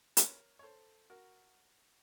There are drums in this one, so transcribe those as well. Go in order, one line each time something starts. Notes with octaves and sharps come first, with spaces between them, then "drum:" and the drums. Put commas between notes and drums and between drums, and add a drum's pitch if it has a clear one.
A#4 C#5, drum: hi-hat
C#5
A4 C5
F#4 A#4